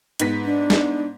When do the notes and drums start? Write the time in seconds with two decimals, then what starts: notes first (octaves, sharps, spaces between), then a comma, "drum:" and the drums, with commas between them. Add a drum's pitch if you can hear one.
0.20 G#2 B3 B6, drum: hi-hat
0.44 D4
0.70 drum: snare